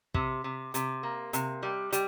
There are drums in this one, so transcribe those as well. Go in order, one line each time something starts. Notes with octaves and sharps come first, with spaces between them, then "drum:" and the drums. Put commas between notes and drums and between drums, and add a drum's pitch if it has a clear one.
C3, drum: kick
C3
C3, drum: hi-hat
A#3
C3, drum: hi-hat
G3
G3, drum: hi-hat